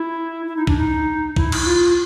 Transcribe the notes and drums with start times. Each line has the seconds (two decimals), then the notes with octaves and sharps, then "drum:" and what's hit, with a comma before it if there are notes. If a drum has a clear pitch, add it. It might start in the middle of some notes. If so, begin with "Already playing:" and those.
Already playing: E4
0.47 E4
0.57 D#4
0.67 D4, drum: kick B1
0.77 D#4
1.36 E4, drum: kick B1
1.52 drum: cymbal
1.65 F4